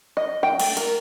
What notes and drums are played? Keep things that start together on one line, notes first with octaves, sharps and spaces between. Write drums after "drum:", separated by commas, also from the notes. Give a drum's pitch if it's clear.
D#5
G5
A3, drum: cymbal
A#4, drum: cymbal